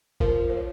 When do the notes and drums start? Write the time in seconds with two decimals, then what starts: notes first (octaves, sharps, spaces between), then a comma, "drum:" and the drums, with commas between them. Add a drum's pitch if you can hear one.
0.20 F3 A#4, drum: kick F#1
0.50 C5
0.57 C#5